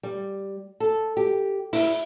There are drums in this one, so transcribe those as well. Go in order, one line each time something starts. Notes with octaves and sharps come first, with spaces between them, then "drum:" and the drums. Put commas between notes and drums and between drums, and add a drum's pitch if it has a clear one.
G3
A4
G4
E4, drum: open hi-hat